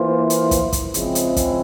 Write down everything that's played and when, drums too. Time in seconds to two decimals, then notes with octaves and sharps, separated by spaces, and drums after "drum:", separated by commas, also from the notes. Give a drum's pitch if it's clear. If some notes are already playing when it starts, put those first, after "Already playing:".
Already playing: E3 A#3 F4 C5
0.30 drum: hi-hat
0.51 drum: kick, hi-hat
0.73 drum: kick, hi-hat
0.94 C#3 F3 G#3 C4 E4, drum: hi-hat
1.15 drum: hi-hat
1.36 drum: kick, hi-hat